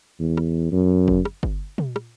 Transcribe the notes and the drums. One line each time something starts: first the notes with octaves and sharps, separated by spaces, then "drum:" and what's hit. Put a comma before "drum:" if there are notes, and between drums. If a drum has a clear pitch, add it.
E2
drum: rim click
F#2
drum: kick G1
drum: rim click
drum: kick G1
drum: tom
drum: rim click